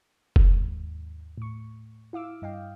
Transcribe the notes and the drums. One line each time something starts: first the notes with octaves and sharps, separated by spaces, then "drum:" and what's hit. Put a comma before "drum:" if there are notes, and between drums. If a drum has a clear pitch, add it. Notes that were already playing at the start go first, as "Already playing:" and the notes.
drum: kick F1
D#2 G#2
A2 C#6
E4 F5 D6 E6
G2 D#5 F5 G5